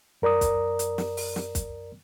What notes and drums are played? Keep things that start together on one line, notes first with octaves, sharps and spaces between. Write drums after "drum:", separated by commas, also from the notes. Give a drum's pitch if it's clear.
F#2 A#4 D5 A#5 D#6
drum: kick, hi-hat
drum: hi-hat
drum: snare
drum: open hi-hat
drum: snare
drum: kick, hi-hat